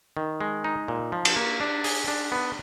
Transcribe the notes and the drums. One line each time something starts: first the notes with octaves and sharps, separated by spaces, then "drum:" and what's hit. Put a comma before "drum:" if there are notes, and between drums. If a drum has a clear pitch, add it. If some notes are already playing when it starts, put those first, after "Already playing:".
D#3
G#3
D#4
A#2
F3
drum: cymbal
A#3
D4
G#4, drum: open hi-hat
D4
B3